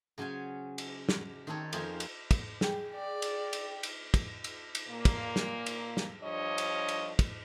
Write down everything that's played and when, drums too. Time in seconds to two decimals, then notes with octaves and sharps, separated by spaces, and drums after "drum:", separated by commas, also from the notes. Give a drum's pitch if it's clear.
0.18 C#3 F#3 C#4 C5 G#5
0.78 drum: cymbal
1.09 drum: snare
1.47 D#3 C4 D#4 A4 C#5
1.73 F2 A#3 G#4 C5 C#5 F5, drum: cymbal
2.00 drum: cymbal
2.31 drum: kick, cymbal
2.61 G#4 G5, drum: snare
2.95 D5
3.22 drum: cymbal
3.53 drum: cymbal
3.83 drum: cymbal
4.14 drum: kick, cymbal
4.44 drum: cymbal
4.75 drum: cymbal
4.89 A#2 A#3
5.05 drum: kick, cymbal
5.36 drum: snare
5.66 drum: cymbal
5.97 drum: snare
6.22 G2 F3 G3 D4 C#5 D#5
6.58 drum: cymbal
6.88 drum: cymbal
7.19 drum: kick, cymbal